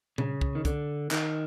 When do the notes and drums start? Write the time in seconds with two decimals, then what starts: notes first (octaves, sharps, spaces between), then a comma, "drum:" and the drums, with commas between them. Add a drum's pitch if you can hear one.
0.18 C#3, drum: tom A#2
0.41 drum: kick
0.55 D#3
0.65 D3, drum: kick, hi-hat
1.11 D#3, drum: clap